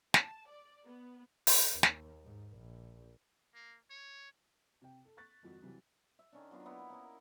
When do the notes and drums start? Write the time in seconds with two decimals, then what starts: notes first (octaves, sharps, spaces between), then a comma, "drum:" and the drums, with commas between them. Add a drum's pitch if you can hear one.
0.14 A5, drum: snare
0.50 D5
0.86 B3
1.47 drum: open hi-hat
1.72 D#2
1.83 drum: snare
2.24 G#2
2.57 A#1
3.54 A#3
3.90 C#5
4.82 C3 G5
5.05 A4
5.17 C#6 F#6 A6 B6
5.43 G#1 F2 F#4
5.62 C3 E3 F#3 G3
6.19 E5
6.32 D#3 C#4 D4
6.51 F#3 B3 D4 F4
6.65 A#3 B3 E4 C#5
6.90 A#3 C#4 A#4